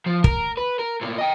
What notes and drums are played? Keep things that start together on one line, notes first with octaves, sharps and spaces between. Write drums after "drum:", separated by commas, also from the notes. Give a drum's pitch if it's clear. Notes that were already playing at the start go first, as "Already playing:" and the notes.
F3
A#4, drum: kick
B4
A#4
A2 A#3
D#5 G5